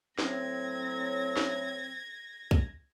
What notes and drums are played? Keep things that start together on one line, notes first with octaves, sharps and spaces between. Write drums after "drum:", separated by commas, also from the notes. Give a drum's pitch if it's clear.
A2 F#3 C4 G#6 A#6, drum: snare
drum: snare
drum: kick